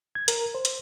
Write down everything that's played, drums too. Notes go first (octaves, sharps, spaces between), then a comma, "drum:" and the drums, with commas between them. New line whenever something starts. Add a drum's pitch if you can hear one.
G#6
A#4, drum: hi-hat
C5
drum: hi-hat